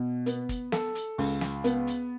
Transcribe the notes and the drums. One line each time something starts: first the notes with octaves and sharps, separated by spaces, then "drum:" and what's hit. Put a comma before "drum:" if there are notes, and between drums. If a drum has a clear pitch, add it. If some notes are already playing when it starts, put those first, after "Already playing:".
Already playing: B2
B3, drum: hi-hat
drum: kick, hi-hat
A4, drum: snare
drum: hi-hat
C#2, drum: open hi-hat
drum: snare
B3, drum: hi-hat
drum: hi-hat